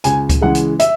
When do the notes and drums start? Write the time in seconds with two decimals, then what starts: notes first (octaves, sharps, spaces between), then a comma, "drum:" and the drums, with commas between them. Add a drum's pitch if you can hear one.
0.04 C#2 G#5, drum: hi-hat
0.29 drum: kick C#2, hi-hat
0.41 C#3 E3 G#3 F#5
0.55 drum: hi-hat
0.79 E5, drum: hi-hat